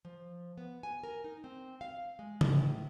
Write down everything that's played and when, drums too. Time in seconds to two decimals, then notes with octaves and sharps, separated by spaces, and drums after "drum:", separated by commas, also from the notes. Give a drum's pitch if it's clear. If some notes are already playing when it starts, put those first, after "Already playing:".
0.05 F3
0.58 B3
0.83 G#5
1.03 A#4
1.24 D#4
1.44 C4
1.81 F5
2.19 G#3
2.41 drum: tom C#3
2.51 A2